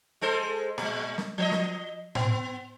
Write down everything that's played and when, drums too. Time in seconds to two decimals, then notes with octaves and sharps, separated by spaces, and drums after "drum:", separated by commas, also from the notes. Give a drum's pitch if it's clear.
0.21 G#3 A4 C5
0.78 A#2 G#3, drum: rim click
1.18 drum: snare
1.38 F3 C5 D#5
1.52 drum: snare
2.15 B3, drum: tom A2